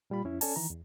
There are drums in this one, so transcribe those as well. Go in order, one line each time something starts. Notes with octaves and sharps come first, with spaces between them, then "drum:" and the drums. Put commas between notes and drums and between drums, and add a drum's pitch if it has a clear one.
A#2 G3 F4 B5
F2 C#4 E4
C#4 A4 D5 G#5 A5, drum: open hi-hat
D#3 E3 A#5
E2